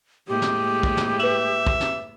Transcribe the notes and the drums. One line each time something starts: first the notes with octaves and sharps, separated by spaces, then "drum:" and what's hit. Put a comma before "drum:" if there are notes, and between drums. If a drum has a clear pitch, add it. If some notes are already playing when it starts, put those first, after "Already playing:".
A2 G#3 A#3 G4
drum: snare
drum: kick
drum: snare
B4 E5 F#7
drum: kick
drum: snare